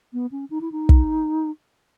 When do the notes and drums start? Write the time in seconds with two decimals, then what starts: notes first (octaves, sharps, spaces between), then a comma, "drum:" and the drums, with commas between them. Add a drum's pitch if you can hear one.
0.13 B3
0.31 C#4
0.50 D#4
0.61 E4
0.72 D#4
0.89 drum: kick